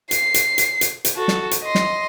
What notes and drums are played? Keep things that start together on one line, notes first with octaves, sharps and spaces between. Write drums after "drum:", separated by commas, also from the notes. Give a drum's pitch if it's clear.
C7, drum: hi-hat
drum: hi-hat
drum: hi-hat
drum: hi-hat
drum: hi-hat
F#4 A4
drum: snare
drum: hi-hat
D#5 C6
drum: snare